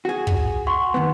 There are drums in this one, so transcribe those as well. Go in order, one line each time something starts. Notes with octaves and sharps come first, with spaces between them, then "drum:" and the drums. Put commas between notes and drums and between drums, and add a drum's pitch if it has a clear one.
F#4 G#4
drum: kick
F#5 C6 C#6
D#3 B3